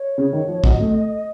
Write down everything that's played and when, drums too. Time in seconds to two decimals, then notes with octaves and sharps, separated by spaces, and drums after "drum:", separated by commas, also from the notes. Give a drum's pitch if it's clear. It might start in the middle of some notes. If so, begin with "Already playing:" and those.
Already playing: C#5
0.18 C#3
0.33 D#3
0.48 F3
0.64 F#3 D#5, drum: kick
0.80 A3